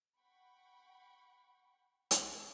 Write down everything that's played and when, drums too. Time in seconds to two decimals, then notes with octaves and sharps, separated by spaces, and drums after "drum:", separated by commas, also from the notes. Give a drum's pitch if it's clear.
0.19 F#5 G5 B5 C#6
2.11 drum: hi-hat